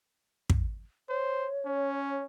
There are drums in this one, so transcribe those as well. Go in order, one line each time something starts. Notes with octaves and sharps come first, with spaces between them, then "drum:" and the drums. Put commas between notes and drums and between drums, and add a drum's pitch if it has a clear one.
drum: kick
C5 C#5
C#4